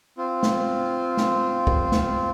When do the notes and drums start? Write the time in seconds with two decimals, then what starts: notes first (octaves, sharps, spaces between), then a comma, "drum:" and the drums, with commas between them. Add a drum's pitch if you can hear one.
0.18 C4 F4
0.43 drum: snare
1.17 drum: snare
1.67 drum: kick
1.92 drum: snare